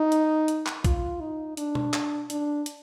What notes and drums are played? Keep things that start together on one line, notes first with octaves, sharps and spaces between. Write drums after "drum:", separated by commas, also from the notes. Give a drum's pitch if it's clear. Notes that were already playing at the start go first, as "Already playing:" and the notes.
Already playing: D#4
drum: hi-hat
drum: hi-hat
drum: clap
F4, drum: kick, hi-hat
D#4
D4, drum: hi-hat
drum: tom B2
drum: clap
D4, drum: hi-hat
drum: hi-hat